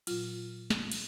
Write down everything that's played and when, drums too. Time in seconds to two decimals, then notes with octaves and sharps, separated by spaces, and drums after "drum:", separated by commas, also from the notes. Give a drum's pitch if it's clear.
0.07 A#2 F#3 F4, drum: cymbal
0.70 drum: snare
0.92 drum: cymbal